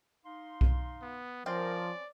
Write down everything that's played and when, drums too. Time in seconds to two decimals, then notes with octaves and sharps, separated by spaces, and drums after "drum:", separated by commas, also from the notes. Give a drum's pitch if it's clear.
0.26 D#4 F5 C6
0.61 drum: kick B1
1.02 B3
1.46 F3 C4 C#4 A#4 C5 D5